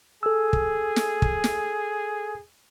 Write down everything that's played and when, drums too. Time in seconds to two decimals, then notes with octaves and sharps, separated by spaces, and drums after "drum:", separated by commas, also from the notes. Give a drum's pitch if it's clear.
0.23 G#4 A4 E6
0.53 drum: kick
0.96 drum: snare
1.22 drum: kick
1.44 drum: snare